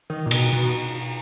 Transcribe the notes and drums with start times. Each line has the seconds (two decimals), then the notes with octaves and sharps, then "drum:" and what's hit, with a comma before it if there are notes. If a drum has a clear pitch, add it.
0.10 D#3
0.26 A#2
0.31 B2, drum: cymbal
0.53 B2